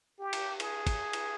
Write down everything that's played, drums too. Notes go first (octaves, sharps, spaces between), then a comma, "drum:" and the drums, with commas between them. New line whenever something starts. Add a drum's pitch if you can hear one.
G4
drum: cymbal
G#4, drum: cymbal
drum: kick, cymbal
drum: cymbal